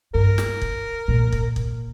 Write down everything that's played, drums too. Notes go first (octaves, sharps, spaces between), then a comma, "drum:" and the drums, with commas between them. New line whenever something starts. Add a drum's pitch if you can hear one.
G2 A#4
drum: snare
drum: kick
A#2
drum: kick
drum: kick